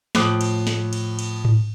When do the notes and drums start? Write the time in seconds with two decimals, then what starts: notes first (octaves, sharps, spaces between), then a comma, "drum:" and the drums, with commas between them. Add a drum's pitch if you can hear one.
0.15 A2 F3 D6 D#6 F#6 C7, drum: snare
0.41 drum: cymbal
0.67 drum: snare
0.93 drum: cymbal
1.19 drum: cymbal
1.45 drum: tom G#2